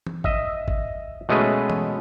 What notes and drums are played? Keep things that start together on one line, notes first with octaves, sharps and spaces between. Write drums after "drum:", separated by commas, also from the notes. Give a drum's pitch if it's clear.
drum: tom
D#5 E5, drum: kick G#1
drum: kick G#1
B2 G#3 A3 C#4 G#4 B4
drum: tom